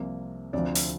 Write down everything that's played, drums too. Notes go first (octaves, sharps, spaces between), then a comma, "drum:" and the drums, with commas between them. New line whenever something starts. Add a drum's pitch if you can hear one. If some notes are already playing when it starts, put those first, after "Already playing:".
Already playing: C2 C3 F3 A#3
D2 C3 F3 D5
drum: open hi-hat